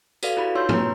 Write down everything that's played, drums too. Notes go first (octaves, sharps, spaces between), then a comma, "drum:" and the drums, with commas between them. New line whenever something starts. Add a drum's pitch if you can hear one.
F#4 A4 B4 D5 F5, drum: tambourine
E4 F#4 G4 B4 B5
D#4 F4 C#5 C6 E6 G6
G4 B4 A#5, drum: tom